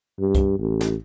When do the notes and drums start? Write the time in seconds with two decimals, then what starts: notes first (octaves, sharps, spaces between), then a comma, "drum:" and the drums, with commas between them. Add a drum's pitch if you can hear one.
0.19 G2
0.35 drum: kick, hi-hat
0.59 A1
0.81 drum: snare